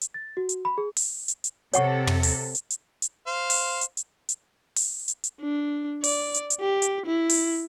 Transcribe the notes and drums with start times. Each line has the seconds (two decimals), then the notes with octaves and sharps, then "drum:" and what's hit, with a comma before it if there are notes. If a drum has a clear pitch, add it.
0.02 drum: hi-hat
0.14 A6
0.37 F#4
0.49 drum: hi-hat
0.65 B5
0.78 G#4
0.97 drum: open hi-hat
1.28 drum: hi-hat
1.44 drum: hi-hat
1.74 C3 A4 C#5 F#5 C#6, drum: hi-hat
2.07 drum: tom
2.23 drum: open hi-hat
2.55 drum: hi-hat
2.71 drum: hi-hat
3.02 drum: hi-hat
3.27 C5 F5
3.50 drum: open hi-hat
3.81 drum: hi-hat
3.97 drum: hi-hat
4.29 drum: hi-hat
4.76 drum: open hi-hat
5.08 drum: hi-hat
5.24 drum: hi-hat
5.41 D4
6.04 D5, drum: open hi-hat
6.35 drum: hi-hat
6.50 drum: hi-hat
6.61 G4
6.82 drum: hi-hat
7.06 E4
7.29 drum: open hi-hat